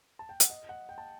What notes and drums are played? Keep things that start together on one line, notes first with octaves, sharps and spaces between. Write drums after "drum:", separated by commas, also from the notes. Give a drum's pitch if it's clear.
A5
G5
F#5, drum: hi-hat
D#5
F#5
G5
A5